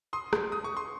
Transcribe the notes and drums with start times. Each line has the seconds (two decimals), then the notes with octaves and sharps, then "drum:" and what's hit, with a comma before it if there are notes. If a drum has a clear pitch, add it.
0.13 C6 D#6
0.33 drum: rim click
0.52 D#6
0.64 C#6
0.77 C6